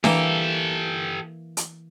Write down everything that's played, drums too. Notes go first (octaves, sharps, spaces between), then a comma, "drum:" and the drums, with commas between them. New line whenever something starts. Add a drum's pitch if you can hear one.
E3 A#3 G4 A4, drum: snare D4
drum: hi-hat